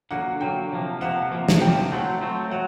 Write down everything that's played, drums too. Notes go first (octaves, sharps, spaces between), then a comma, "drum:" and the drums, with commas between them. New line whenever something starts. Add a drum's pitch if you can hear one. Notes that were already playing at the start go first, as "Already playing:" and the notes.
D3 F#3 A#3 F#5
D3 F#3 A#3 G5
C3 F3 A#3
C3 F3 A#3 F#5
C3 F3 A#3
drum: snare
C3 F3 A#3 G5
F#3 A3 C4 F#5
F#3 A3 C4
F#3 F#5